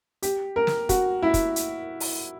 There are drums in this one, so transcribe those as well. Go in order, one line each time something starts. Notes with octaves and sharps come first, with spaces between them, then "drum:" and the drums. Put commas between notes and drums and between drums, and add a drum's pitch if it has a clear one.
G4, drum: hi-hat
A#4
drum: snare
F#4, drum: kick, hi-hat
E4
drum: kick, hi-hat
drum: hi-hat
drum: open hi-hat